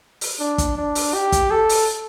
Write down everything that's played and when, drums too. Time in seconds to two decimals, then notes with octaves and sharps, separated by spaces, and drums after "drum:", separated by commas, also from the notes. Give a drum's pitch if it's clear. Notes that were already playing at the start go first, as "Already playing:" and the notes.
0.21 drum: open hi-hat
0.39 D4
0.58 drum: kick, hi-hat
0.77 D4
0.95 drum: open hi-hat
1.14 G4
1.32 drum: kick, hi-hat
1.51 A4
1.69 drum: open hi-hat